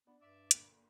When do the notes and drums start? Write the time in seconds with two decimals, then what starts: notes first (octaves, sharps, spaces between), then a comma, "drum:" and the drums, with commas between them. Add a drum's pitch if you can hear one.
0.07 B3 D4
0.21 G2 D5 E5
0.51 G1 A#2 D7, drum: hi-hat